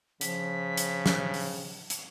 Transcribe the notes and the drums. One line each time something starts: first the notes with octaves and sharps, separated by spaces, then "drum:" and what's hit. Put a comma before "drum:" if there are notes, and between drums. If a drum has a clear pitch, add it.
C#3 F3 B6, drum: hi-hat
drum: hi-hat
drum: snare
drum: open hi-hat
drum: hi-hat